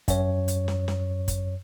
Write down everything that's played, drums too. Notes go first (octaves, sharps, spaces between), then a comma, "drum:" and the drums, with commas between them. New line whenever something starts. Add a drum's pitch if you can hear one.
F#2 C#5, drum: kick, hi-hat
drum: hi-hat
drum: snare
drum: snare
drum: kick, hi-hat